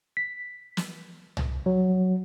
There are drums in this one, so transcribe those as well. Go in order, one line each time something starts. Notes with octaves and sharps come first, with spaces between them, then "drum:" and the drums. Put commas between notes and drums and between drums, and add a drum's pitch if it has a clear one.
B6
drum: snare
drum: tom
F#3